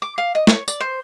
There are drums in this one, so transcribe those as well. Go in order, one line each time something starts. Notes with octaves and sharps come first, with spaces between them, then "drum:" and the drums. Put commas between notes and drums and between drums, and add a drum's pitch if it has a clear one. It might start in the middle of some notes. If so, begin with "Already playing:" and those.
D6
F5
D#5
C#5, drum: snare
D5, drum: tambourine
C5